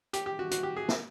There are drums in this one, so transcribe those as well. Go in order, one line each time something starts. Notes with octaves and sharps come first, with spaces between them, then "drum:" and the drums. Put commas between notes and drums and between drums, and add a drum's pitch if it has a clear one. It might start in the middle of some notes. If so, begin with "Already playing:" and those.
G4, drum: hi-hat
G4
F#4
F#4, drum: hi-hat
G4
G#4
drum: snare